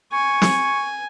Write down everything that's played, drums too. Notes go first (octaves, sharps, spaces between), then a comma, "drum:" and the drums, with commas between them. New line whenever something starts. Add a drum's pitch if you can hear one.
G#5 C#6
drum: snare